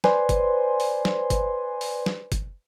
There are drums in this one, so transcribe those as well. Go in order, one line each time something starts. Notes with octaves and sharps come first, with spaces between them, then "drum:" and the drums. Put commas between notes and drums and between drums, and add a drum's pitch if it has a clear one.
B4 C5 D5 G#5 C6, drum: snare
drum: kick, hi-hat
drum: open hi-hat
drum: snare
drum: kick, hi-hat
drum: open hi-hat
drum: snare
drum: kick, hi-hat